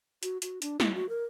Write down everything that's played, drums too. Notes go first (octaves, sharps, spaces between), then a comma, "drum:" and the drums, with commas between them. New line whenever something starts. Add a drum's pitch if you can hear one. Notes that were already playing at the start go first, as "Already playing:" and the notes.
F#4, drum: hi-hat
F#4, drum: hi-hat
D4, drum: hi-hat
E4, drum: snare
F#4
A#4